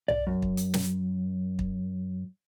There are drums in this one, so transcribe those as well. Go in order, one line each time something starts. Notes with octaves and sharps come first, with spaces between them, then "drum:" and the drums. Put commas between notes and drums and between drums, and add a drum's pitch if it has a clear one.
D5, drum: tom B1
F#2
drum: kick
drum: hi-hat
drum: snare
drum: kick